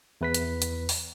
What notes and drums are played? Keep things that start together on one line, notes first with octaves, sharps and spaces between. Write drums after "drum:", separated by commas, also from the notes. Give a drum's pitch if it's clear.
E2 B4 B6
drum: hi-hat
drum: hi-hat
drum: open hi-hat